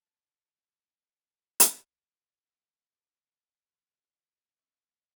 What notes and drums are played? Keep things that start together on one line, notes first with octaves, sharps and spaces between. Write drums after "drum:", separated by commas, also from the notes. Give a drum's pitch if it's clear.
A5
drum: hi-hat
B1
F#3 C4 E4 F4
C3 C5 D5
F3 F4 B4
B3 F4 G#4 A#4 B4
G#3 A3 C#4 G4 D#5 E5